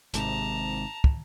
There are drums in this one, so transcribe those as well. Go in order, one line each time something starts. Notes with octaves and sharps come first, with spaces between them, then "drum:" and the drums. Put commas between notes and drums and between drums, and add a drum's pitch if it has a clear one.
G#1 G#2 C3 A5 A#5, drum: hi-hat
drum: kick